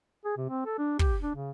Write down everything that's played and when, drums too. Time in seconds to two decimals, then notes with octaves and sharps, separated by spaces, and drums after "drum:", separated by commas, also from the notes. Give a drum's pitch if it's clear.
0.25 G#4
0.37 C3
0.49 C4
0.66 A4
0.78 D4
0.99 G4, drum: kick
1.22 D4
1.35 C#3